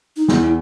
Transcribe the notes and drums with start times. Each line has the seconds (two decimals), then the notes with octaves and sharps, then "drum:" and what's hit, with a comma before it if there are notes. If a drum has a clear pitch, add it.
0.17 D#4
0.28 E2 E4, drum: snare